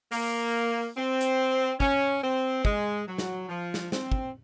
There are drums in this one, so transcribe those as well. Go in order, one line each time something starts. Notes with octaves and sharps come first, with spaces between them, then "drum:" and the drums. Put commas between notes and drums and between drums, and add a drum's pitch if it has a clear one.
A#3, drum: open hi-hat
C4
drum: hi-hat
C#4, drum: kick
C4
G#3, drum: kick
F#3
drum: snare
F3
drum: snare
C4, drum: snare
drum: kick